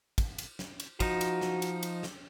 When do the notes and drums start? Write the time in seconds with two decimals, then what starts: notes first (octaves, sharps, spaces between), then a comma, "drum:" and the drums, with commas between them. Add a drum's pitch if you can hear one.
0.18 drum: kick, cymbal
0.38 drum: cymbal
0.59 drum: snare
0.80 drum: cymbal
1.00 F3 D#4 F#4, drum: kick, cymbal
1.21 drum: cymbal
1.41 drum: snare
1.62 drum: cymbal
1.83 drum: cymbal
2.03 drum: snare